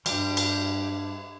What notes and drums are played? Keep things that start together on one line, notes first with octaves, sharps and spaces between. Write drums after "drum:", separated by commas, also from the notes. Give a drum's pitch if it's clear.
G2 G3 G4, drum: cymbal
drum: cymbal